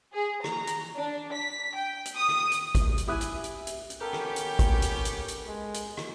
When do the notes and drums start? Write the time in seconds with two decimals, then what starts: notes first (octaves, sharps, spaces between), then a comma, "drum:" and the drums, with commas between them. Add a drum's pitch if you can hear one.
0.13 G#4
0.44 A#5, drum: rim click
0.67 drum: hi-hat
0.97 D4
1.33 B6
1.75 G5
2.06 drum: hi-hat
2.16 D#6
2.29 drum: rim click
2.52 drum: hi-hat
2.75 drum: kick, hi-hat
2.98 drum: hi-hat
3.08 E4 G4 E5 G#5 D#6 F#6
3.21 drum: hi-hat
3.44 drum: hi-hat
3.67 drum: hi-hat
3.90 drum: hi-hat
4.01 B3 C#4 G4 A4 A#4 G5
4.13 drum: rim click
4.36 drum: hi-hat
4.59 drum: kick, hi-hat
4.82 drum: hi-hat
5.05 drum: hi-hat
5.28 drum: hi-hat
5.47 G#3
5.74 drum: hi-hat
5.97 drum: rim click